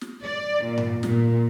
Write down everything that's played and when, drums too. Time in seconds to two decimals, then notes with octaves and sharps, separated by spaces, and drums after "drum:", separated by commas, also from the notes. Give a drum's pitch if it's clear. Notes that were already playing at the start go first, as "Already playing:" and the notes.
0.01 drum: snare
0.24 D5
0.64 A#2
0.78 drum: tom G2
1.03 A#2, drum: snare